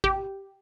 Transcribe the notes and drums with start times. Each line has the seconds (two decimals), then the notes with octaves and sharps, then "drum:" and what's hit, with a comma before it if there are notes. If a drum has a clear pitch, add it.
0.04 G4, drum: kick G#1